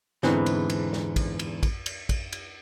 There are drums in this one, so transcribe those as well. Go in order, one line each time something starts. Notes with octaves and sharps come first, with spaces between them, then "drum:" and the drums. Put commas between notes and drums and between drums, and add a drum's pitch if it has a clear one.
E2 G#2 D3 E3 C4, drum: snare
drum: cymbal
drum: cymbal
drum: snare
drum: kick, cymbal
drum: cymbal
drum: kick, cymbal
drum: cymbal
drum: kick, cymbal
drum: cymbal